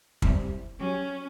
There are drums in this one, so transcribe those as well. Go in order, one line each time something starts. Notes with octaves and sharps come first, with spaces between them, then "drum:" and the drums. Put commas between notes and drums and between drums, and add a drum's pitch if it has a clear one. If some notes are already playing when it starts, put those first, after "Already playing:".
G3 C4 E4, drum: kick
F#3 C#4 G4